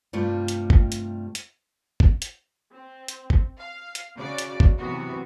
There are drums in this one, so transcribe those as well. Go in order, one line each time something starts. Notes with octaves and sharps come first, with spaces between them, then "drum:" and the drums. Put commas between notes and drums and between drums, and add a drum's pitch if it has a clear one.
G2 C3 G3 A3 F4
drum: hi-hat
drum: kick
drum: hi-hat
drum: hi-hat
drum: kick
drum: hi-hat
C4
drum: hi-hat
drum: kick
F5
drum: hi-hat
C#3 F#4 C#5 D5 D6
drum: hi-hat
drum: kick
F#2 C3 E3 B3 F#4